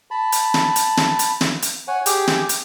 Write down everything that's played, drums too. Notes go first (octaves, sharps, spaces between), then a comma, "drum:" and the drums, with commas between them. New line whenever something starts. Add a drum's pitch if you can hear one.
A5 B5
drum: hi-hat
drum: snare
drum: hi-hat
drum: snare
drum: hi-hat
drum: snare
drum: hi-hat
C#5 F#5 G#5
G4 G#4 G5, drum: hi-hat
drum: snare
drum: hi-hat